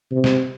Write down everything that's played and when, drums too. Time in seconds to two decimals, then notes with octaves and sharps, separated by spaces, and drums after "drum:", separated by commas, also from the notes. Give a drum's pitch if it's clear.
0.12 C3
0.24 drum: snare